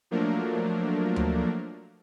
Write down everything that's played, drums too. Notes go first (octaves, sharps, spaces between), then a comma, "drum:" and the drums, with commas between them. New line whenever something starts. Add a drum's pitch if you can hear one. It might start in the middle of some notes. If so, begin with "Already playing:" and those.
F3 F#3 A3 A#3 D4 A#4
drum: tom D2